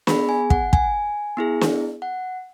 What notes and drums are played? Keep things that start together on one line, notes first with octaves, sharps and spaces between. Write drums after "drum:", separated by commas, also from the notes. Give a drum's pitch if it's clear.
B3 G#4 B5, drum: snare
G#5
F#5, drum: kick
G#5, drum: kick
B3 E4 G#4
drum: snare
F#5